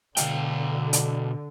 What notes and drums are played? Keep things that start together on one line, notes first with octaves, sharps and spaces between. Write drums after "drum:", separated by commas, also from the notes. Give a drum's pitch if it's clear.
B2 D3 F5 G5, drum: hi-hat
drum: hi-hat